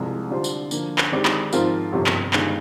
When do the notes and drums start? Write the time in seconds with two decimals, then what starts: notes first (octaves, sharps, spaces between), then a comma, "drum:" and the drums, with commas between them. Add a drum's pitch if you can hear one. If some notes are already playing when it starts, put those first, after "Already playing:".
Already playing: C2 C3 F3 G#3
0.30 D3 G3 D4 F4 C5
0.44 drum: tambourine
0.71 D3 F3 A#3, drum: tambourine
0.98 drum: clap
1.12 D#3 G#3 C4 G4 D5
1.25 drum: clap
1.53 G#2 F3 C4 F4 A#4, drum: tambourine
1.92 G1 F2 C3 G3
2.06 drum: clap
2.33 G1 G2 D#3 G#3, drum: clap